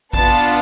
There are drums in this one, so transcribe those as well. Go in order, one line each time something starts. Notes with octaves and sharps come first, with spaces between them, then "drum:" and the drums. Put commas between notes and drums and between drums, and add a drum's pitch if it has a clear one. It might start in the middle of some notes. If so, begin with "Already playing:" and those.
B3 D4 F4 A5, drum: kick